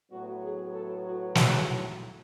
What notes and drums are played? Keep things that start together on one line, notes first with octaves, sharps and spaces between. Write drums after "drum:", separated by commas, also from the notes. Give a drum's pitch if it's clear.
A2 F#3 B3 F#4
G#4
A4
F#4
E4, drum: snare
E4